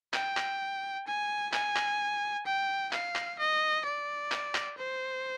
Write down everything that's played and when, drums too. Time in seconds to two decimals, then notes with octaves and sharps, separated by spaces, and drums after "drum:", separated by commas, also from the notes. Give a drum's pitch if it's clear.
0.14 G5, drum: clap
0.37 drum: clap
1.07 G#5
1.53 G#5, drum: clap
1.76 drum: clap
2.46 G5
2.93 F5, drum: clap
3.16 drum: clap
3.39 D#5
3.85 D5
4.32 drum: clap
4.55 drum: clap
4.78 C5